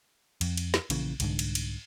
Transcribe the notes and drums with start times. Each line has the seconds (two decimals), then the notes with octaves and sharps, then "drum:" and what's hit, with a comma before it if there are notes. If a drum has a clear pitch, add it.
0.41 F2, drum: cymbal
0.57 drum: cymbal
0.74 drum: snare
0.90 A#1 A#2 C#3 E3, drum: cymbal
1.20 C2 G#2 D3, drum: cymbal
1.39 drum: cymbal
1.55 drum: cymbal